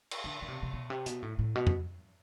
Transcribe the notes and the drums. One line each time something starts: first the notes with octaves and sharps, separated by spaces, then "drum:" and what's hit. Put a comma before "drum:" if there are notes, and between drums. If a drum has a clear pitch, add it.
drum: cymbal
D3
D3
C3
C3
B2
C3
B2, drum: hi-hat
A2
A2
B2
drum: tom F2